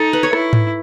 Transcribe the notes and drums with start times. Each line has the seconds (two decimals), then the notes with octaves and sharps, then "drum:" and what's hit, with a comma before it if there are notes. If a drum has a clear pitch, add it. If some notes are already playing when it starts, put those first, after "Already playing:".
Already playing: D#4 A4
0.13 B4
0.23 C#5
0.33 E4, drum: rim click
0.53 drum: tom G#2